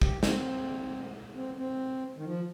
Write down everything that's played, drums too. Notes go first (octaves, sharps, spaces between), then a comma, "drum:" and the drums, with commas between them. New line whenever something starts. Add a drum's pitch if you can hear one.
G4, drum: kick
C4, drum: snare
C4
C4
D#3
F3